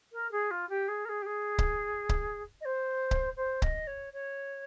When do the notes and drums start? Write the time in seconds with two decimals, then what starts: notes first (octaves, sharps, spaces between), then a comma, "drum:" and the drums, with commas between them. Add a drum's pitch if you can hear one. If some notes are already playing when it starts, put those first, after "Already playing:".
0.13 A#4
0.31 G#4
0.51 F4
0.69 G4
0.88 G#4
1.05 A#4
1.09 G#4
1.22 G4
1.26 G#4
1.58 drum: kick C#1
2.09 drum: kick C#1
2.61 D#5
2.65 C5
3.11 drum: kick C#1
3.37 C5
3.62 D#5, drum: kick C#1
3.87 C#5
4.13 C#5